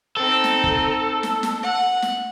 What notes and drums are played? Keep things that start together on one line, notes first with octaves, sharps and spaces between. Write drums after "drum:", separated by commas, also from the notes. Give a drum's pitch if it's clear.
C4 D#4 A4
drum: snare
drum: kick
drum: snare
drum: snare
F#5
drum: snare